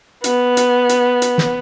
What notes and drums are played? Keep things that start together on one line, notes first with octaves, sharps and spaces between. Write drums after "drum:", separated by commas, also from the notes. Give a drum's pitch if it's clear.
B3, drum: hi-hat
drum: hi-hat
drum: hi-hat
drum: hi-hat
drum: snare